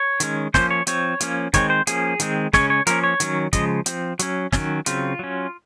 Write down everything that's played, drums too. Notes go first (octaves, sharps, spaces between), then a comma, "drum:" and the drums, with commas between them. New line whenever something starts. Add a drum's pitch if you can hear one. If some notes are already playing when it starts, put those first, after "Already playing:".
Already playing: C#5
D#3 G#3 C#4, drum: hi-hat
F3 A#3 C#4 C5, drum: snare
C#5
F3 C4 C#5, drum: hi-hat
F3 A#3 C#4, drum: hi-hat
D#3 G#3 C4 C#5, drum: kick, hi-hat
C5
F3 A#3 C#4 G#4, drum: hi-hat
D#3 G#3 C4, drum: hi-hat
C#3 G#3 C#4 C#5, drum: snare
C#5
F3 A#3 C#4 A#4, drum: hi-hat
C#5
D#3 F#3 C#4, drum: hi-hat
C#3 F3 G#3 D#5, drum: kick, hi-hat
F3 C4, drum: hi-hat
F#3 C#4, drum: hi-hat
D#3 F#3 C#4, drum: snare
C#3 F#3 C4 F4, drum: hi-hat
F#3 C#4